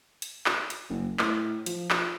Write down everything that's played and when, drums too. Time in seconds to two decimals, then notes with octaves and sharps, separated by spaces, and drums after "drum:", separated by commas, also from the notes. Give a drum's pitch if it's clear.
0.22 drum: hi-hat
0.46 drum: clap
0.70 drum: hi-hat
0.90 F#1
1.19 A2, drum: clap
1.66 F3, drum: hi-hat
1.90 drum: clap